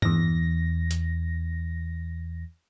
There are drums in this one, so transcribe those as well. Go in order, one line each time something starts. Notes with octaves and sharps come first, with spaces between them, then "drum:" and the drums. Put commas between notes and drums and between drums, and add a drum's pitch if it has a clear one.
E2 A#6, drum: tom
drum: hi-hat